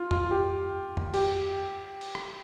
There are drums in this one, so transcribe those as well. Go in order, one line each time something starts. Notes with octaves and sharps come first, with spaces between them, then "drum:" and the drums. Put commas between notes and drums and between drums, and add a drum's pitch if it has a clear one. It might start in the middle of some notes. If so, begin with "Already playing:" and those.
Already playing: F4
F4, drum: tom F2
G4
drum: tom F2
G4, drum: cymbal
drum: cymbal
drum: rim click